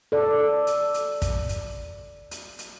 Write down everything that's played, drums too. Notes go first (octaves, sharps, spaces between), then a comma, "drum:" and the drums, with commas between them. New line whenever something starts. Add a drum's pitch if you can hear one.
A4 D5
drum: hi-hat
drum: hi-hat
drum: kick, hi-hat
drum: hi-hat
drum: hi-hat
drum: hi-hat